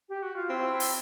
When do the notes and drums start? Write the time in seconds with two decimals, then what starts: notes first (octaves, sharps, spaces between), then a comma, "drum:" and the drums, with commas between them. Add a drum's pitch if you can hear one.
0.09 G4
0.23 F#4
0.36 F4
0.50 C4 E4
0.80 drum: open hi-hat